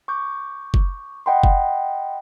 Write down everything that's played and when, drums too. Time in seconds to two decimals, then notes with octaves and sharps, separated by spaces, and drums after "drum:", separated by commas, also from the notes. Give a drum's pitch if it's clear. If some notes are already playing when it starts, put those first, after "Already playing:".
0.08 C#6 D6 G6
0.74 drum: kick F#1
1.26 D#5 F#5 G5 B5 C6
1.44 drum: kick F#1